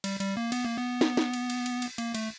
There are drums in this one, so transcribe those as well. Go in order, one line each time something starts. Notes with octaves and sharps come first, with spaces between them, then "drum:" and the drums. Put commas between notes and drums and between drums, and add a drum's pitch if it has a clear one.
G3, drum: cymbal
G3, drum: cymbal
A#3
B3, drum: cymbal
A#3
B3
drum: snare
drum: snare
drum: cymbal
drum: cymbal
drum: cymbal
drum: cymbal
A#3, drum: cymbal
A3, drum: cymbal